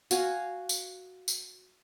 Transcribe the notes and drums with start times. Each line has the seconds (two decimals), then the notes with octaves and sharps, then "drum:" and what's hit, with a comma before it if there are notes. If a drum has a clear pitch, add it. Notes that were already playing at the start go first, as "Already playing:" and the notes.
0.11 F#4 F5 G#5, drum: tambourine
0.69 drum: tambourine
1.28 drum: tambourine